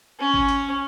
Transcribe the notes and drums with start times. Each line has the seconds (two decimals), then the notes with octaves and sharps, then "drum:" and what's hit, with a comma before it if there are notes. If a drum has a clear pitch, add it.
0.19 C#4
0.34 drum: kick G#1
0.49 drum: hi-hat